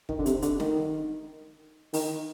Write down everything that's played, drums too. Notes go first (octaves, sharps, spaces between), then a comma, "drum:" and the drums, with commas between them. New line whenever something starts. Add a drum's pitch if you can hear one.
D#3, drum: kick
D3
C3, drum: hi-hat
D3, drum: hi-hat
D#3, drum: snare
D#3, drum: open hi-hat